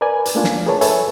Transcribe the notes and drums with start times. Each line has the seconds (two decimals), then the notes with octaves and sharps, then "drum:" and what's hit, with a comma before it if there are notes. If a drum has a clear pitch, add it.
0.01 A#4 B4 D5 G#5
0.25 drum: hi-hat
0.35 A3 A#3 D4 F4
0.44 drum: snare
0.66 G#4 A#4 B4 C#5 A5
0.81 A4 B4 C#5 E5 G#5, drum: hi-hat